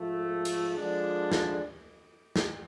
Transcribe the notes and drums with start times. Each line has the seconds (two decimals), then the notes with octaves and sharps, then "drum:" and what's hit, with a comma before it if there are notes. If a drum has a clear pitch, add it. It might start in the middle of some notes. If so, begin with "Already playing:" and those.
Already playing: G#2 F3 A3
0.45 drum: cymbal
0.76 D3 F3 G#3 D4
1.32 drum: snare
2.36 drum: snare